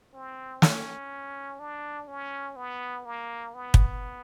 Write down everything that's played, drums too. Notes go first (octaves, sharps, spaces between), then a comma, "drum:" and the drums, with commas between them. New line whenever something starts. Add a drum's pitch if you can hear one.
C4
C#4, drum: snare
D4
C#4
B3
A#3
B3
drum: kick